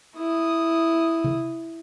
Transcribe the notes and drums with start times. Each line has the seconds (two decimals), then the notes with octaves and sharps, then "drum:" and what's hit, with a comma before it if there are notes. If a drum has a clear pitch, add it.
0.16 E4 D#6
1.24 drum: tom C3